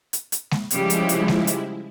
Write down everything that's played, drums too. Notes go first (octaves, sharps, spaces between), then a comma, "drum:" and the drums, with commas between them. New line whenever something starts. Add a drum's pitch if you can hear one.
drum: hi-hat
drum: hi-hat
drum: snare G#3
C#3 F3 G3 G#3 E4 G4, drum: hi-hat
drum: hi-hat
drum: hi-hat
drum: snare G#3
drum: hi-hat